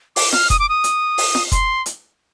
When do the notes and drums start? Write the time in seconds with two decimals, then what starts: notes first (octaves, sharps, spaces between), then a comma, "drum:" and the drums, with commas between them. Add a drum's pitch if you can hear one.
0.16 D6, drum: open hi-hat
0.33 F6, drum: snare F4
0.50 D#6, drum: kick F1, hi-hat
0.59 D6
0.69 D#6
0.84 drum: hi-hat
1.18 drum: open hi-hat
1.35 drum: snare F4
1.52 C6, drum: kick F1, hi-hat
1.86 drum: hi-hat